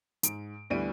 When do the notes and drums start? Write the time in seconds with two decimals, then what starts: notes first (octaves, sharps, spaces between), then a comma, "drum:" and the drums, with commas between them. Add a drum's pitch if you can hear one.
0.23 G#2 D7, drum: hi-hat
0.70 D2 E3 G3 B3 D7 D#7